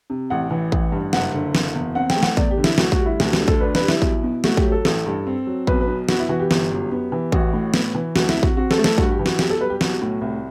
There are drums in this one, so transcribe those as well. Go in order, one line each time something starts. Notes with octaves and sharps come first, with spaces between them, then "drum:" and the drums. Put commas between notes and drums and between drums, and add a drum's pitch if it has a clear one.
C3
A1 F#5
E3
A1, drum: kick
G2
F#1 F#5, drum: snare
D3
F#1, drum: snare
E2
C4 F#5
G5, drum: snare
A3
F#5, drum: snare
E2 D5, drum: kick
G4
D3
E4, drum: snare
D2 F#4, drum: snare
F#4, drum: kick
G3
E4
D2 F#4, drum: snare
G4, drum: snare
D3
A4, drum: kick
D4 B4
B4, drum: snare
G3
E4, drum: snare
B1, drum: kick
B2
A3 F#4, drum: snare
G4, drum: kick
F#3
A4
A1 A4, drum: snare
G2
C4
F#3
B1 B4, drum: kick
B4
B2
B3 F#4, drum: snare
E4
E3 F#4
G4
G1, drum: snare
F#2
B3
E3
A1 F#4, drum: kick
A2
B3, drum: snare
E3
D2 F#4, drum: snare
E4, drum: snare
C3
F#4, drum: kick
C4 F#4
A4, drum: snare
A3
A4, drum: snare
G2 F#4, drum: kick
G4
E3
F#4, drum: snare
B1 G4, drum: snare
A4
G3 B4
G4
B1 F#4, drum: snare
A2
C2